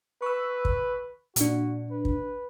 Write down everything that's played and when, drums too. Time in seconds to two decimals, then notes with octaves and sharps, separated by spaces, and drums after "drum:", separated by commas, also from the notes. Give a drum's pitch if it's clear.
0.22 B4 C#6 E6
0.65 drum: kick
1.36 A#2 D4 F#4, drum: hi-hat
1.91 B4
2.05 drum: kick